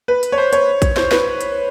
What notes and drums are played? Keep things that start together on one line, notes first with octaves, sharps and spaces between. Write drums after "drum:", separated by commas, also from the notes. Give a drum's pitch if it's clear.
B4
drum: hi-hat
C#5
C5
C#5, drum: hi-hat
drum: kick, hi-hat
C5, drum: snare
B4, drum: snare
drum: hi-hat